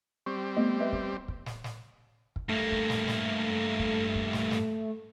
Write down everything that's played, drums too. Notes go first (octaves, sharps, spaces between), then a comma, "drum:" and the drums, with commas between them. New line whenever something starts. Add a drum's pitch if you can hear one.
G3 C4 C#6
A3 B3 D#5
B4 D#5 E5
drum: kick
drum: kick
drum: snare
drum: snare
drum: kick
G2 A3 A#3
drum: kick
drum: snare
drum: snare
drum: kick
drum: kick
drum: snare
drum: snare